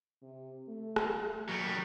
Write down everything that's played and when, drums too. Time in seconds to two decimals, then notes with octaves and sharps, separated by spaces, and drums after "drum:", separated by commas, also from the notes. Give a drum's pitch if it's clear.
0.22 C3
0.68 A3
0.96 drum: rim click
1.49 F#3 G3 A#3